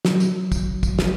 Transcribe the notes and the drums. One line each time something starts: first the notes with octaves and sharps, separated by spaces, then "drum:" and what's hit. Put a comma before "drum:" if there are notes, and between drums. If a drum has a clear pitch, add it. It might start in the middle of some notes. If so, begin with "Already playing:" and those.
F#3, drum: snare
drum: tambourine
drum: kick, tambourine
drum: kick, tambourine
drum: snare